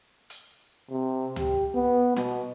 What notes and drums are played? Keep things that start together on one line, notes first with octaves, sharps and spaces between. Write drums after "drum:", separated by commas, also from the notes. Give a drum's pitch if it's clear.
drum: hi-hat
C3
G4, drum: tom
B3
B2, drum: snare